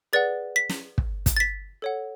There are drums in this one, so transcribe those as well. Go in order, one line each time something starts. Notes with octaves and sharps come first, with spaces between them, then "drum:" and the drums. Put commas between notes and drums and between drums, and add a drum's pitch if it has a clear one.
G#4 B4 D5 F#5 A6
B6
drum: snare
drum: kick
drum: kick, hi-hat
A6
B6
A4 C#5 F#5